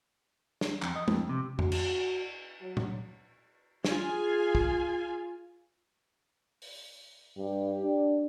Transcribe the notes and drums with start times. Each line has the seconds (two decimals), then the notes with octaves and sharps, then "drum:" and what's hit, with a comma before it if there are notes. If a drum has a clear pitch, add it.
0.61 drum: snare
0.82 F2, drum: clap
0.96 D#5
1.08 F2, drum: tom G#3
1.29 C3
1.59 F#4, drum: tom F2
1.72 drum: cymbal
2.61 F#3
2.77 drum: tom A#2
3.85 F4 G#4 G#5, drum: snare
4.55 drum: kick
6.62 drum: open hi-hat
7.38 G2 G4
7.83 D4